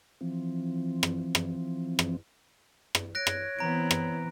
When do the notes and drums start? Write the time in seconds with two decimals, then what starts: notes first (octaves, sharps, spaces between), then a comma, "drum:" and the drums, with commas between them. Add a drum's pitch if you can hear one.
0.21 E3 F3 C4
1.03 drum: rim click
1.35 drum: rim click
1.99 drum: rim click
2.95 drum: rim click
3.15 C#5 F#6 A#6 D7
3.27 drum: rim click
3.59 E3 B3 C4 A#5 D7
3.91 drum: rim click